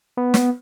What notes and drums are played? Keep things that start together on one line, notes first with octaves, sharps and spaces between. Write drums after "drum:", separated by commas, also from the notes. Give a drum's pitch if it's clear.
B3
drum: snare